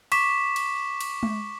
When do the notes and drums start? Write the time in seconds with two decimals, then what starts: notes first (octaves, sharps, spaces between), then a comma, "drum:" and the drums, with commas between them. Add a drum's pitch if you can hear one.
0.12 C#6 D6 B6 E7, drum: cymbal
0.56 drum: cymbal
1.00 drum: cymbal
1.23 drum: tom G#3